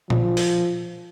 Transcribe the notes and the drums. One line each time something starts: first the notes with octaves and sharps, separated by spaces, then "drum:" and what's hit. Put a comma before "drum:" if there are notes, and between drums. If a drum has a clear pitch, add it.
F3, drum: tom A#2
drum: open hi-hat